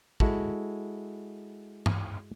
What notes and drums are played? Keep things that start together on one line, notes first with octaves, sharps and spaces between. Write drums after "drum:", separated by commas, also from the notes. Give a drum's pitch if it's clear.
G#3 E4 F#4 A4, drum: kick
drum: tom G2